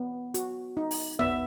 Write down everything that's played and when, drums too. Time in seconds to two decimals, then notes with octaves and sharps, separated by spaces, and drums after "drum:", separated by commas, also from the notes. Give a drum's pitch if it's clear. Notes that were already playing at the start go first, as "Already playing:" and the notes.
Already playing: B3
0.34 F#4, drum: hi-hat
0.77 D#4
0.91 drum: open hi-hat
1.19 B3 E5, drum: tom